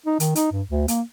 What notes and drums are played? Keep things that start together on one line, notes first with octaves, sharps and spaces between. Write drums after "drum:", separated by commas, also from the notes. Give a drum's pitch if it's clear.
D#4
D#3, drum: hi-hat
D#4, drum: hi-hat
G2
D2
A#3, drum: hi-hat